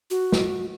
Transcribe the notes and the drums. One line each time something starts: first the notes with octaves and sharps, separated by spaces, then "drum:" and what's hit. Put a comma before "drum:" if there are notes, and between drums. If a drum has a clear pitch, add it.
F#4
drum: snare